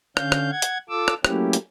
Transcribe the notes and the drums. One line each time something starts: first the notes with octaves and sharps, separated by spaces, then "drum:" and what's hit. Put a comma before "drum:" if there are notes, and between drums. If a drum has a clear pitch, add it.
D3 C#4 F5 G6, drum: rim click
drum: rim click
F#5 G#6
drum: hi-hat
F4 A4 D6 E6
drum: rim click
F#3 A3 A#3 C#4 E4 G4, drum: rim click
drum: hi-hat